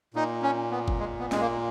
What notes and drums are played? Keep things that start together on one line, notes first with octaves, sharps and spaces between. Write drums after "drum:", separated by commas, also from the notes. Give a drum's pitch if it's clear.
A#2 D#4
C#4
B3
drum: kick G1
G#3
B3
G#3, drum: snare
A#3